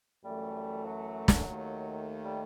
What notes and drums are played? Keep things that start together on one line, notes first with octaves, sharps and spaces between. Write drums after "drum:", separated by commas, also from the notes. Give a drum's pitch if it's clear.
F#2 E3 G3 A3
F#3
drum: snare
D#2 D#3 A3
G3